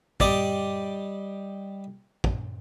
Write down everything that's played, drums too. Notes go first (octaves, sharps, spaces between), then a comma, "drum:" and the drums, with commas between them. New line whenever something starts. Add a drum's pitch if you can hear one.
G3 D5 D#5 D6, drum: kick
drum: kick